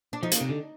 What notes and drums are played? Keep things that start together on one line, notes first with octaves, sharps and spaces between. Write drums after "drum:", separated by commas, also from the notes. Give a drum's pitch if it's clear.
D4
F3 D#4
A#3, drum: hi-hat
C3
D3